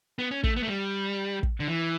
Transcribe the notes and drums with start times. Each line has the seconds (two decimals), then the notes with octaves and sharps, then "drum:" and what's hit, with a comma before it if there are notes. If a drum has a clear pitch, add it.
0.19 B3
0.31 C#4
0.44 A3, drum: kick
0.56 B3
0.63 A3
0.68 G3
1.43 drum: kick
1.60 D3
1.68 E3